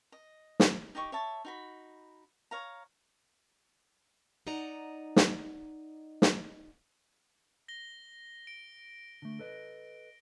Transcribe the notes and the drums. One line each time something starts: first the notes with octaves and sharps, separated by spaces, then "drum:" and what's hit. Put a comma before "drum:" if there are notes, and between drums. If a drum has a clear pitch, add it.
D#5
drum: snare
D#4 G4 D#5 C#6
C#5 E5 A5
D#4 F#4 B5
C#5 F5 A#5
D#4 D5 D#5 F#5 A#5
drum: snare
drum: snare
A#6 G7
D7
D3 A3
A4 B4 D#5